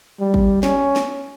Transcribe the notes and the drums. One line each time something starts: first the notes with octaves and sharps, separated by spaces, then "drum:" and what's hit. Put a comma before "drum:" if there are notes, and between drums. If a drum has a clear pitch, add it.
G3
drum: kick
C#4, drum: snare
drum: snare